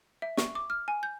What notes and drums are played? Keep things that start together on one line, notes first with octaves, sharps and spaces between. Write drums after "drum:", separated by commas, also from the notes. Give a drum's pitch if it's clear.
E5
C#6, drum: snare
D6
F6
G#5
G6